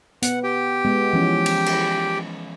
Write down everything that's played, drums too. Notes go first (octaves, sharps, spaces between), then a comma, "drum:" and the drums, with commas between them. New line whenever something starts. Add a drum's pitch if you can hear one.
B3 F#5, drum: hi-hat
G4 G5
G#3 B3
E3 F3 C#4
drum: cymbal
drum: cymbal